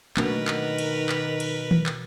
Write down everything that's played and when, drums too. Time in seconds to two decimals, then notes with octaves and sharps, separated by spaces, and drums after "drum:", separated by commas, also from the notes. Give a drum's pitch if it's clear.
0.17 B2 D#3 F#3 A3 A#3 D4 A#4 B4, drum: clap
0.48 drum: clap
0.78 drum: cymbal
1.09 drum: clap
1.40 drum: cymbal
1.71 drum: tom D#3
1.86 drum: clap